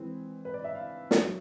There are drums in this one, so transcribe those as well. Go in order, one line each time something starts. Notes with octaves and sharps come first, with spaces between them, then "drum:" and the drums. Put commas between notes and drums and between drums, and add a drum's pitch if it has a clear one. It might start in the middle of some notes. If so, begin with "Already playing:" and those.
Already playing: E3 G#3 C4
B4
D5
E5
F5
drum: snare
F#3